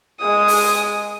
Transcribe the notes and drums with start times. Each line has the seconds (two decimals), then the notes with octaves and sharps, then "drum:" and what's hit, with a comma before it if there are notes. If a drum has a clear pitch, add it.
0.20 G#3 D#6
0.48 drum: open hi-hat